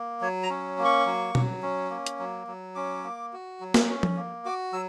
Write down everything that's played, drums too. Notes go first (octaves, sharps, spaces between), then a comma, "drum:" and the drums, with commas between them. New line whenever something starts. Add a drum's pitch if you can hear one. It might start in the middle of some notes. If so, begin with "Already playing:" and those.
Already playing: A#3
F#3 C#5
A#5
C#4
A#3
C#6
F#3
F#3, drum: tom B2
C#4
A#3
drum: hi-hat
F#3
F#3
C#4 D6
A#3
F#4
F#3
drum: snare
C#4
drum: tom F3
A#3
F#4 D6
F#3 E6